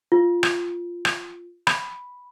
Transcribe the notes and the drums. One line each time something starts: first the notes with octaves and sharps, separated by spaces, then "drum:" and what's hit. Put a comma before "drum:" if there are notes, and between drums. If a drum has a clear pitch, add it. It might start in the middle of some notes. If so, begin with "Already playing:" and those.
F4
drum: rim click
drum: rim click
B5, drum: rim click